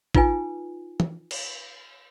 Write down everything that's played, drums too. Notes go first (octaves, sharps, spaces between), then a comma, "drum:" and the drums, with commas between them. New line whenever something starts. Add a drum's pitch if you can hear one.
D#4 F4 B4 G#5, drum: kick
drum: tom
drum: cymbal